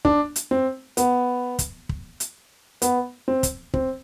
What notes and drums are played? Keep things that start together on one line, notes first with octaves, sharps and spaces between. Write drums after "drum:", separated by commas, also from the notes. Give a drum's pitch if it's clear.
D4, drum: kick
drum: hi-hat
C4
B3, drum: hi-hat
drum: kick, hi-hat
drum: kick
drum: hi-hat
B3, drum: hi-hat
C4
drum: kick, hi-hat
C4, drum: kick